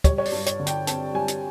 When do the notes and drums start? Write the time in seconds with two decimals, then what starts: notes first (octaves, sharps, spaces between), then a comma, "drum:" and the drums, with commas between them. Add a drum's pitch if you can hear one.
0.04 G3 C#5, drum: kick, hi-hat
0.18 C#5
0.25 D5, drum: open hi-hat
0.32 G2
0.46 C#5, drum: hi-hat
0.60 D3
0.67 G5, drum: hi-hat
0.87 C4 A5, drum: hi-hat
1.14 G3 G#5
1.28 drum: hi-hat